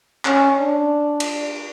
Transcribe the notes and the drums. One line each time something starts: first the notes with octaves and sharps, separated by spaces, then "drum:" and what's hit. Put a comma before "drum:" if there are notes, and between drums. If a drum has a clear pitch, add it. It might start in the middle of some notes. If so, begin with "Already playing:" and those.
C#4, drum: clap
D4
drum: cymbal